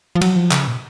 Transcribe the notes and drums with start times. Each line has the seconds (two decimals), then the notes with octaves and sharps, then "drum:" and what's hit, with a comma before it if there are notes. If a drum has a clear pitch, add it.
0.15 F3
0.21 F#3, drum: cymbal
0.36 F3
0.51 C#3, drum: clap
0.67 A#2